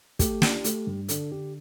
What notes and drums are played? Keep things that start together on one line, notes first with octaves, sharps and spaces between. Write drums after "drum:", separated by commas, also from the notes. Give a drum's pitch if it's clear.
A3 G4, drum: kick, hi-hat
D4, drum: snare
A3, drum: hi-hat
G2
D3 A4, drum: hi-hat
D3 G4